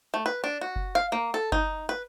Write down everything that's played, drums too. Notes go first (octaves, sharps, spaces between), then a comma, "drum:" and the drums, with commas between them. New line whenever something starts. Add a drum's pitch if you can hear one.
A3
B4
D4
F#4
drum: kick F#1
F5
A#3
A4
D#4, drum: kick F#1
B4